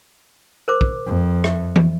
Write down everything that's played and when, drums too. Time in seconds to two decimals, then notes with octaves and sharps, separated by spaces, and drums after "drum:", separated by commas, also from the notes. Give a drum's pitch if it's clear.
0.68 A#4 C5 D6
0.81 drum: kick
1.06 F2
1.44 E5, drum: rim click
1.76 drum: tom E3